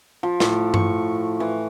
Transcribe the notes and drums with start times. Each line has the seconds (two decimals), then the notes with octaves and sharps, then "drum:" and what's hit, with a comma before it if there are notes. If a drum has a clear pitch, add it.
0.23 F3
0.40 A2, drum: snare
0.74 C#6, drum: tom G2
1.40 E3